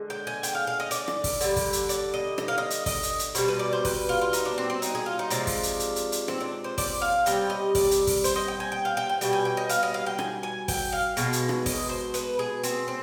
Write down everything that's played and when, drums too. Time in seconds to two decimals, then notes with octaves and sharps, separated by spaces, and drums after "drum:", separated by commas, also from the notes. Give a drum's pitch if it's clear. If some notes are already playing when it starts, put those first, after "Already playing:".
Already playing: D3 G#3
0.10 G5
0.27 G#5
0.43 G5, drum: hi-hat
0.55 F5
0.67 F5
0.80 D#5
0.91 D5, drum: hi-hat
1.08 drum: rim click
1.24 drum: kick, open hi-hat
1.41 D3 G3, drum: hi-hat
1.56 drum: kick, open hi-hat
1.73 drum: hi-hat
1.89 D5, drum: hi-hat
2.14 D#5
2.38 D#5, drum: rim click
2.48 F5
2.58 D#5
2.70 drum: hi-hat
2.86 D#5, drum: kick, open hi-hat
3.03 drum: hi-hat
3.19 drum: hi-hat
3.35 B2 G3 C5, drum: hi-hat
3.48 B4
3.59 D5
3.73 C5
3.85 B4, drum: kick, open hi-hat
4.09 F4
4.21 F4
4.33 D#4, drum: hi-hat
4.45 D4
4.58 C4
4.70 C4
4.82 D#4, drum: hi-hat
4.95 G#4
5.06 F4
5.19 D#4
5.30 C3 F3 G#3 D4, drum: hi-hat
5.47 drum: kick, open hi-hat
5.63 drum: hi-hat
5.80 drum: hi-hat
5.96 drum: hi-hat
6.12 drum: hi-hat
6.28 C4, drum: rim click
6.41 D4
6.64 C5
6.78 D5, drum: kick, open hi-hat
7.01 F5
7.26 C3 G3 G5, drum: hi-hat
7.50 D#5
7.75 D5, drum: kick, open hi-hat
7.91 drum: hi-hat
8.07 drum: kick, open hi-hat
8.24 C5, drum: hi-hat
8.36 D#5
8.48 G5
8.60 G#5
8.72 G5
8.85 F5
8.97 G5
9.09 G5
9.21 B2 G3 G5, drum: hi-hat
9.33 G#5
9.45 G5
9.57 D#5
9.69 F5, drum: hi-hat
9.83 D#5
9.94 F5
10.06 G5
10.19 G#5, drum: rim click
10.43 G#5
10.68 G5, drum: kick, open hi-hat
10.92 F5
11.17 B2 G#3, drum: hi-hat
11.33 drum: hi-hat
11.49 drum: rim click
11.66 D#5, drum: kick, open hi-hat
11.89 C5
12.14 B4, drum: hi-hat
12.39 G#4
12.63 C4, drum: hi-hat
12.88 C4